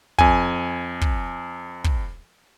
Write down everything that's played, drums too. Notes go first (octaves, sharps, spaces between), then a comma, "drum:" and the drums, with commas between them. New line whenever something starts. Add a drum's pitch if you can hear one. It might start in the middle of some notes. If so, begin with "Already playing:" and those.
F2 G#5, drum: kick
drum: kick
drum: kick